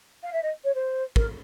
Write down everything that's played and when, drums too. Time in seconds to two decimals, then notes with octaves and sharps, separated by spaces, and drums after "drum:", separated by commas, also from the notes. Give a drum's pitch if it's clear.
0.23 F5
0.33 E5
0.43 D#5
0.64 C#5
0.74 C5
1.16 A#4, drum: kick